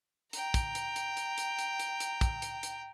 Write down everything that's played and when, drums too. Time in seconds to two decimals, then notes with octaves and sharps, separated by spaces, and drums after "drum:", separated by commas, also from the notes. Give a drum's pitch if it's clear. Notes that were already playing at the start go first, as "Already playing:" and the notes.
0.33 G5 A#5, drum: hi-hat
0.54 drum: kick, hi-hat
0.75 drum: hi-hat
0.96 drum: hi-hat
1.17 drum: hi-hat
1.38 drum: hi-hat
1.59 drum: hi-hat
1.79 drum: hi-hat
2.00 drum: hi-hat
2.21 drum: kick, hi-hat
2.42 drum: hi-hat
2.63 drum: hi-hat